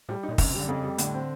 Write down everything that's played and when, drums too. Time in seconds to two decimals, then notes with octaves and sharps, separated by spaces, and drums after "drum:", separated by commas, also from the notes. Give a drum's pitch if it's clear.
0.09 A2 G3
0.23 D#4
0.29 A#2
0.38 F#2 C3, drum: kick, open hi-hat
0.48 C3
0.54 D3 G3
0.68 F2 C#3
0.83 G3
0.98 A2 D3, drum: hi-hat
1.14 C4